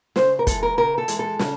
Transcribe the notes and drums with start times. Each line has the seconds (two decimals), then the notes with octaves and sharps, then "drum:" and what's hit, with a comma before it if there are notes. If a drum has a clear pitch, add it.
0.16 C#3 C5, drum: snare
0.39 A#4
0.47 E3 G#3 A4, drum: kick, hi-hat
0.63 A#4
0.77 C#3 A#4
0.98 A4
1.08 E3 G#3, drum: hi-hat
1.19 A4
1.39 C#3, drum: snare